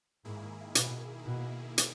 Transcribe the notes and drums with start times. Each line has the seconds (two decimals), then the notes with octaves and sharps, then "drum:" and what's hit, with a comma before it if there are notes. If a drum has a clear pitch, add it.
0.25 G#2 D#3 A#3 E4 G#4
0.75 B2, drum: hi-hat
1.26 B2
1.78 drum: hi-hat